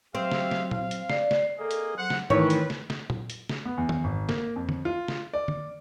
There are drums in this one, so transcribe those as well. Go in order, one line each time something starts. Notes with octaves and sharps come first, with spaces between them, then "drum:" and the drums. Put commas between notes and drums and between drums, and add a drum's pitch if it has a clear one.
F#3 C4 G4 E5 F5
drum: snare
drum: snare
F5, drum: tom A#2
drum: hi-hat
D5 C7, drum: snare
drum: snare
A#3 G#4 A4 D#5
drum: hi-hat
F#3 C5 F#5
drum: snare
D#3 E3 A3 C4 B4 C#5, drum: tom G#2
drum: hi-hat
drum: snare
drum: snare
drum: tom A#2
drum: hi-hat
drum: snare
B3
E2
drum: tom D#3
G#1
A#3, drum: snare
F2
drum: tom D3
F4
drum: snare
D5
drum: tom D3